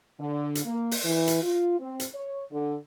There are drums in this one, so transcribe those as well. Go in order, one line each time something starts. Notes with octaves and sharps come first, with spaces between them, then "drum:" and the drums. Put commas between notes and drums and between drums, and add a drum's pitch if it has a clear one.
D3
drum: hi-hat
A#3
drum: open hi-hat
E3
drum: hi-hat
F4
C4
drum: hi-hat
C#5
D3